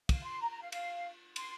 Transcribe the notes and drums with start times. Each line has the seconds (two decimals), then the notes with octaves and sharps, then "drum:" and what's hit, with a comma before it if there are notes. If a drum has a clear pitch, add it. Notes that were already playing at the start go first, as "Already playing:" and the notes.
0.09 F5, drum: kick, cymbal
0.24 C6
0.41 A#5
0.51 A#5
0.62 F5
0.72 F5, drum: cymbal
1.36 C6, drum: cymbal